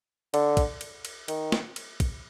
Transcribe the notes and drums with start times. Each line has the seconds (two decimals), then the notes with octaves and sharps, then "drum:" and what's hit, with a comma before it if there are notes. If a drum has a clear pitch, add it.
0.34 D3, drum: cymbal
0.57 drum: kick, cymbal
0.81 drum: cymbal
1.05 drum: cymbal
1.28 D#3, drum: cymbal
1.52 drum: snare
1.76 drum: cymbal
2.00 drum: kick, cymbal